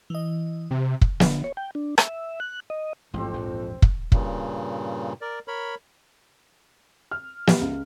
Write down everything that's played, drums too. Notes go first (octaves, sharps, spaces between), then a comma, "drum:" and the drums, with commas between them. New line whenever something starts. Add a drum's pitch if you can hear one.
E3 D#5
C3
drum: kick
D3, drum: snare
C#5
G5
D4
E5, drum: rim click
F#6
D#5
A1 F2 G#2 C4 G4 C5
A#1 E2 A#2
drum: kick
G2 A#2 C#3, drum: kick
A#4 D5
A#4 C#5 B5
F6
G4, drum: snare
C#2